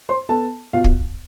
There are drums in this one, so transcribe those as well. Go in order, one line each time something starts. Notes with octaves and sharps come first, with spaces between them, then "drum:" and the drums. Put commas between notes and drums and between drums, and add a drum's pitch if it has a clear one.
C5 C6
B3 A4 A5
B2 F4 F5
drum: kick